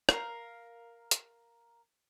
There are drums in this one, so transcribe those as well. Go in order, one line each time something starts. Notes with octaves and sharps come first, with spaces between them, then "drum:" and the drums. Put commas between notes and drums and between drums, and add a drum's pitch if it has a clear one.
A#4 F5, drum: rim click
drum: hi-hat